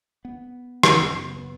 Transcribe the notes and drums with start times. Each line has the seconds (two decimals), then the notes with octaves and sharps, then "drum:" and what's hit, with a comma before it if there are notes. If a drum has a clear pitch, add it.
0.25 B3
0.83 drum: rim click
0.98 F#2 C#3 B3
1.36 B3